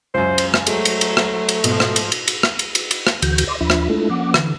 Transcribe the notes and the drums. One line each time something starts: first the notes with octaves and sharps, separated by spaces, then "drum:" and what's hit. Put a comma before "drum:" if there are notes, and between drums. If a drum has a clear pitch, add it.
C#2 F#2 C5
drum: cymbal
drum: rim click
F#3 G#3 A3 C5 A#5, drum: cymbal
drum: cymbal
drum: cymbal
drum: rim click
drum: cymbal
G#2 B2 F3, drum: cymbal
drum: rim click
drum: cymbal
drum: cymbal
drum: cymbal
drum: rim click
drum: cymbal
drum: cymbal
drum: cymbal
drum: rim click
D2 D3 E3 F#4 G6, drum: cymbal
drum: cymbal
D5 D#5 C6 D6
D#2 F3 D4 F4 E5 B5
drum: rim click
G#3 A3 D4 E4 F4 A4
F3 A#3 C#4 F#5 D6
D3 E3, drum: rim click